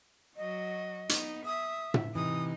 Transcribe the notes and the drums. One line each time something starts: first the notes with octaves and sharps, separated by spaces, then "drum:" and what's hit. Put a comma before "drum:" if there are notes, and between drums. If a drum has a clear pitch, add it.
F#3 F#4 D#5
B3 D#4, drum: hi-hat
E5 D#6
drum: tom
C3 E3 D#4 D#6